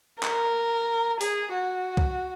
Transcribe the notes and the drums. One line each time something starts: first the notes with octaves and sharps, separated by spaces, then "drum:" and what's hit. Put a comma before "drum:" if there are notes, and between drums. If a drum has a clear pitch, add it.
A#4, drum: clap
G#4, drum: open hi-hat
F#4
drum: kick